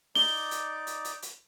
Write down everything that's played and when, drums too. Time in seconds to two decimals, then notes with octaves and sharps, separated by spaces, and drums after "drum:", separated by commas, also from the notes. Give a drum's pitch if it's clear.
0.15 D#4 D5 D6 G7, drum: open hi-hat
0.51 drum: hi-hat
0.87 drum: hi-hat
1.05 drum: hi-hat
1.22 drum: hi-hat